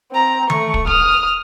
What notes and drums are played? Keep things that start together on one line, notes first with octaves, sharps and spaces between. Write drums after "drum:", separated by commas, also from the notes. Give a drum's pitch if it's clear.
C4 A#5
A3 C#6, drum: tom D#3
drum: kick
D#6 F6, drum: kick